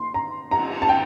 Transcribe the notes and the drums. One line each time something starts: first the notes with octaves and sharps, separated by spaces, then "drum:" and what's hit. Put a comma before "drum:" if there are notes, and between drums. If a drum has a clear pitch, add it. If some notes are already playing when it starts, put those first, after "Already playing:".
Already playing: A#2 C6
A#5
A#5, drum: cymbal
drum: cymbal
A5
G5